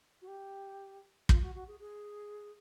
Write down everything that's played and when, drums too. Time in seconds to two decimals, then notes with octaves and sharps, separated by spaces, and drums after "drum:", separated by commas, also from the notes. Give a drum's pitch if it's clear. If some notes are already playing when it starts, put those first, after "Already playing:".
0.22 F#4
0.28 G4
1.29 F4, drum: kick
1.42 F#4
1.55 F#4
1.68 G#4
1.80 G#4